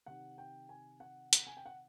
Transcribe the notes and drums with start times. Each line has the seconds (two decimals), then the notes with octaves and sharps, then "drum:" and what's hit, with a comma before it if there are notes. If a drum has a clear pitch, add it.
0.06 C3 D#3 F#5
0.38 G5
0.69 G#5
1.00 F#5
1.33 drum: hi-hat
1.47 G#5
1.57 G5
1.66 F#5